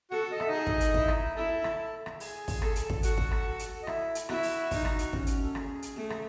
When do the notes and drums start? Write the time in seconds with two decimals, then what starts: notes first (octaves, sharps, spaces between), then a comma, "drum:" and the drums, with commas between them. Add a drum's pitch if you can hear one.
0.11 F#4 A4 F#5
0.32 D#5
0.40 E5, drum: rim click
0.48 D#4 G#4 D#5
0.67 drum: kick
0.80 drum: hi-hat
0.94 E4, drum: kick
1.08 drum: rim click
1.36 E4 A4 A5
1.64 drum: rim click
2.06 drum: rim click
2.20 G#4 G#5, drum: open hi-hat
2.48 drum: kick, open hi-hat
2.62 A4, drum: rim click
2.76 drum: hi-hat
2.90 drum: kick
3.03 F#4 A4 F#5, drum: hi-hat
3.18 drum: kick
3.31 drum: rim click
3.59 drum: hi-hat
3.83 D#5
3.87 E4 E5, drum: rim click
4.15 drum: hi-hat
4.29 E4 F#4, drum: rim click
4.43 drum: open hi-hat
4.71 D#4, drum: kick, open hi-hat
4.85 drum: rim click
4.99 drum: hi-hat
5.13 C#4, drum: kick
5.27 drum: hi-hat
5.44 A4
5.55 G#4, drum: rim click
5.82 drum: hi-hat
5.96 A3
6.10 drum: rim click